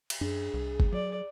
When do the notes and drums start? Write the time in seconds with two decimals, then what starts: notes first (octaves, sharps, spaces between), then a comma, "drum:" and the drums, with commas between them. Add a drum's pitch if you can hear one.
0.10 drum: cymbal
0.21 F#2 D4 G#4
0.54 C2
0.80 drum: kick G1
0.93 F#3 D5